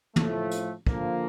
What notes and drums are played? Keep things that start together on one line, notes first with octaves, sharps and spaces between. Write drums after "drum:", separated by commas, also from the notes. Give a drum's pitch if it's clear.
A2 F3 A3, drum: tom
drum: hi-hat
D3 F3 A#3, drum: kick